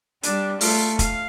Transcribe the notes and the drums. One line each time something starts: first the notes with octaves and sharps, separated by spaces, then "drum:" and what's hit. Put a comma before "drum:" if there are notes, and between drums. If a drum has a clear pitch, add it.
G3 D4, drum: hi-hat
A3 F4, drum: open hi-hat
F5, drum: kick, hi-hat